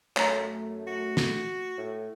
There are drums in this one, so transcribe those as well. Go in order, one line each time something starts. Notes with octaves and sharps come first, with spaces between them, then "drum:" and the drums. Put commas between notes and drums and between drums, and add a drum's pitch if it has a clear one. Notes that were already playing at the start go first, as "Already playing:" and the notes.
F#2 A3 C#5 A#5, drum: clap
F#4
drum: snare
A2